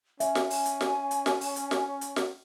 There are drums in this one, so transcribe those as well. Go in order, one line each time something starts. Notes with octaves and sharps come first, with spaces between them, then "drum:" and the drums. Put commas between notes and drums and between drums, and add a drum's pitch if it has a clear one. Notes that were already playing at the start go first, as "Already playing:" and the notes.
C#4 E5 G#5, drum: hi-hat
drum: snare
drum: open hi-hat
drum: hi-hat
drum: snare
drum: hi-hat
drum: snare
drum: open hi-hat
drum: hi-hat
drum: snare
drum: hi-hat
drum: snare